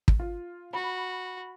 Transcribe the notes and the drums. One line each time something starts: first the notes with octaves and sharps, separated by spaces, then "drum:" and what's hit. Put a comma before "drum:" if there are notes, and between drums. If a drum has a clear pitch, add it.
drum: kick
F4
F#4 B5